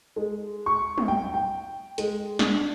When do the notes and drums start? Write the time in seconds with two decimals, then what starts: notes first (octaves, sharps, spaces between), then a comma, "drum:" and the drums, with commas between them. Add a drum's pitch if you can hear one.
0.16 G#3
0.66 C#6
0.98 drum: tom
1.08 G5
1.34 G5
1.98 G#3, drum: hi-hat
2.39 D4, drum: snare